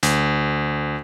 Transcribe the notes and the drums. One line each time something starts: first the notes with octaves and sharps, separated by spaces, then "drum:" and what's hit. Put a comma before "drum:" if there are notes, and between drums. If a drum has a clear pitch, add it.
D2, drum: hi-hat